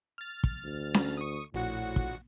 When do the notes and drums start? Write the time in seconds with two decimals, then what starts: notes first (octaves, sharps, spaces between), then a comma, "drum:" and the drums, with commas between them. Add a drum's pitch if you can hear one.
0.18 F6 A6
0.44 drum: kick
0.65 D2
0.94 drum: snare C#4
1.17 C#6 D#6
1.54 A#1 A2 F#4 F#5
1.96 drum: kick